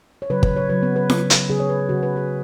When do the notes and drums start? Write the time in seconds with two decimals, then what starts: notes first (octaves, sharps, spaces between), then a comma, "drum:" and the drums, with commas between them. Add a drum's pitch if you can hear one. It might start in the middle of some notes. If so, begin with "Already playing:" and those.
0.22 C#5
0.30 C#3 F#3 B4
0.43 B4, drum: kick
0.57 C#5
0.69 C#3 F#3 B4
0.83 B3
0.96 B4
1.10 C#3 F#3, drum: snare
1.30 drum: hi-hat
1.50 C#3 F#3 G#4
1.60 C#5
1.70 B4
1.80 B4
1.89 C#3 F#3 F#4
2.03 B4
2.16 G#4